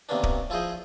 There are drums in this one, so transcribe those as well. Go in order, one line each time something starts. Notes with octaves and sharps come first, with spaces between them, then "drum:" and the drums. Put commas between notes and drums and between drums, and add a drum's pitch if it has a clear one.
C3 D#3 A#3 B3 C#4 D4
drum: kick D1
F3 E4 F4 G#4 C5 D#5